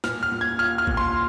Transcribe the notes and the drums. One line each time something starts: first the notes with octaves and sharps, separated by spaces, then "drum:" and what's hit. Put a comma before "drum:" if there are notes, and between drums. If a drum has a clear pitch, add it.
A#2 F6, drum: snare
F6
A#2
G#6
F4 F6
F6
A#2, drum: kick A1
C6